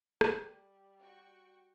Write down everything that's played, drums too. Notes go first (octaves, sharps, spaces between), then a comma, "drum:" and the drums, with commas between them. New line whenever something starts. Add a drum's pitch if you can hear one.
G3, drum: rim click
F#4 G5 C#6